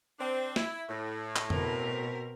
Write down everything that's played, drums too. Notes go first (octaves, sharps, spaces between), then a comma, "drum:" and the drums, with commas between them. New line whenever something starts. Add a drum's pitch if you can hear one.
C4 D4
E4, drum: snare
A2
drum: clap
B2 C4 A#4, drum: tom F2